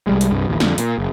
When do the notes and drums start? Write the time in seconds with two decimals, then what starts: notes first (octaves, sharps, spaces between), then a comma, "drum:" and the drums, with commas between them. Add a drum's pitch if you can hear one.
0.07 C2 G3 G#3
0.21 drum: hi-hat
0.31 C2 G2
0.48 A1 D#2
0.60 F2 D3, drum: snare
0.78 A#2, drum: hi-hat
0.99 F#1